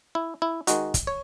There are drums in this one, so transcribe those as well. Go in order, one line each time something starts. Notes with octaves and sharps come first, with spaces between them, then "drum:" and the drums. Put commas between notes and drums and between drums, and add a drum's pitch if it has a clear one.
E4
E4
D#3 G#3 D#4 F#4, drum: hi-hat
drum: kick, hi-hat
C#5